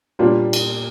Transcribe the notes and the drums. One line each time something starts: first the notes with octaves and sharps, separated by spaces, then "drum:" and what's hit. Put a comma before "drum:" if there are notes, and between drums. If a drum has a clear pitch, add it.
A#2 G3 A#3 D4 F4
drum: cymbal